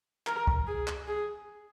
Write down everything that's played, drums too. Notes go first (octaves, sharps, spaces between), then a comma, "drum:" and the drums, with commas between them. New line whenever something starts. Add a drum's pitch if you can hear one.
A#4, drum: clap
drum: kick
G#4
drum: clap
G#4